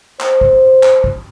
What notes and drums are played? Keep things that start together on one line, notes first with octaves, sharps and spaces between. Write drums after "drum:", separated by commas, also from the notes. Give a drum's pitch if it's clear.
C5, drum: clap
drum: kick
drum: clap
drum: kick